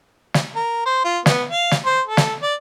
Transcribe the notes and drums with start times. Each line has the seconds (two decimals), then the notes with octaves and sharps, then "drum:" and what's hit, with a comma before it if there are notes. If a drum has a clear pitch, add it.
0.34 drum: snare
0.56 A#4
0.86 C5
1.04 F4
1.26 B3, drum: snare
1.49 F5
1.71 drum: snare
1.86 C5
2.07 A4
2.17 drum: snare
2.43 D5